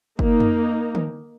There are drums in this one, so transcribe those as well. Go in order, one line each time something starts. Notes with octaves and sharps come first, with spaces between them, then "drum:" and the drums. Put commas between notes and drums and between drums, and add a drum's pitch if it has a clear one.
A#3 D#4, drum: kick
drum: tom
drum: tom